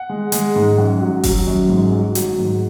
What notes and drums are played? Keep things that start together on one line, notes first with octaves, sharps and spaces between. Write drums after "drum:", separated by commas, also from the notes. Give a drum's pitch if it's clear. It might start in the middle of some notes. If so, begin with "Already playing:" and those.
Already playing: F#5
G#3
G#3, drum: hi-hat
G#2
F#2 F#5
F#3
F#3, drum: kick F#1, open hi-hat
F#2
G#2
F#3
F#3, drum: hi-hat
G#2